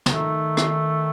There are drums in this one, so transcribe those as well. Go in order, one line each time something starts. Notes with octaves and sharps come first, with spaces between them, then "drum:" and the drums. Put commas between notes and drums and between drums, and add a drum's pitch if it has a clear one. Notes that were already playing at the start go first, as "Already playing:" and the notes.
C#3, drum: snare
D#3 A3
drum: rim click